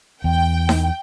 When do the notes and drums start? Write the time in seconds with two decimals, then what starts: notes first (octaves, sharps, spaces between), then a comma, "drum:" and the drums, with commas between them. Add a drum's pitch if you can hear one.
0.24 E2 G5
0.69 drum: snare D#4